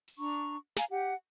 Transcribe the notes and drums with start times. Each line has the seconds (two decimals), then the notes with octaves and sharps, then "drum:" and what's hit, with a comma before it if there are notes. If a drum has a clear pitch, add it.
0.08 drum: open hi-hat
0.18 D4 A#5 C#6
0.76 F5 G#5 A#5, drum: snare
0.90 G4 F#5